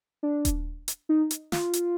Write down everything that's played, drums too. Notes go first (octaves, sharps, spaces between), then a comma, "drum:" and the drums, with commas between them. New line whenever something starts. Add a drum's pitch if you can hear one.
D4
drum: kick D#1, hi-hat
drum: hi-hat
D#4
drum: hi-hat
F4, drum: snare
drum: hi-hat